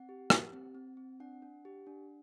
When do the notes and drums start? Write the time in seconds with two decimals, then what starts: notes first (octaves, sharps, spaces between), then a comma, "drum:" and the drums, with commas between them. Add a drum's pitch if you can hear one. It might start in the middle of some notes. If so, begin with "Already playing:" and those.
Already playing: C4 F#5
0.09 G4
0.30 G4, drum: rim click
0.53 C4
0.75 C4
0.97 C4
1.20 D4 F#5
1.42 D4
1.65 G4
1.87 D4